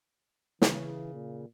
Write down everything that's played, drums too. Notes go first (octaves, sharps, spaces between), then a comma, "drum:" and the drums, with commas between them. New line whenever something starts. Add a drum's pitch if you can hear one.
C#3 E3, drum: snare
A#2